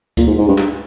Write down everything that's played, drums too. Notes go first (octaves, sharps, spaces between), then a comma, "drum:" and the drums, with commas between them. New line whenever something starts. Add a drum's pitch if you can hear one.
A#2, drum: kick D2, hi-hat
G#2
G#2
G2
drum: clap